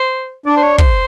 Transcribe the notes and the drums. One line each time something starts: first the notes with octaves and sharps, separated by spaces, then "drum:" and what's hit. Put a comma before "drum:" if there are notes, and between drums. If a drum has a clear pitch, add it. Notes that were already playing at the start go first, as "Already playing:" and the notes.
Already playing: C5
D4 D5
C5
C#5
C5, drum: kick